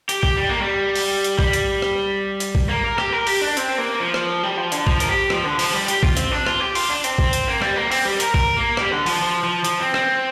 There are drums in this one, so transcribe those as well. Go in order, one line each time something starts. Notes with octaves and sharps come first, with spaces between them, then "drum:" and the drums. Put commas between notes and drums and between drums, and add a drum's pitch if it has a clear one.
G4, drum: hi-hat
G4, drum: kick A#1
G3
A#3
G3
drum: open hi-hat
drum: hi-hat
G3, drum: kick A#1
drum: hi-hat
drum: rim click
drum: hi-hat
drum: kick A#1
A#3
A#4
G4, drum: rim click
A#4
G4, drum: open hi-hat
D4
C4, drum: hi-hat
A#3
F3
drum: rim click
G3
F3
D3, drum: hi-hat
F3, drum: kick A#1
A#4, drum: hi-hat
G4
F3, drum: rim click
D3
F3, drum: open hi-hat
G3
G4, drum: hi-hat
F4, drum: kick A#1
C4, drum: hi-hat
D4
F4, drum: rim click
G4
F4, drum: open hi-hat
D4
C4, drum: hi-hat
drum: kick A#1
drum: hi-hat
A#3
G3, drum: rim click
A#3
C4, drum: open hi-hat
G3
A#4, drum: hi-hat
A#4, drum: kick A#1
A#3
G3, drum: rim click
D3
F3, drum: open hi-hat
F3
F3
F3, drum: hi-hat
C4
C4, drum: rim click